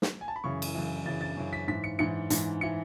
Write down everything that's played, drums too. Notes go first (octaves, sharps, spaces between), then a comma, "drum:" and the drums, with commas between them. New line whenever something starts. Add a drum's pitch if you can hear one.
drum: snare
G#5
A5
B5
F#2 C#3 E3 C#6
drum: cymbal
F#2 C#3 E3
F#2 C#3 E3 A6
A6
F#2 C#3 E3
B6
G#2 E3 B6
C#7
G#2 E3 C#7
G#2 E3, drum: hi-hat
E3 C#7